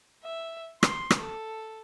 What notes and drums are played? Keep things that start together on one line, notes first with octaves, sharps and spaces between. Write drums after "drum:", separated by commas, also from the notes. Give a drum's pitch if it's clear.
E5
C6, drum: rim click
drum: rim click
A4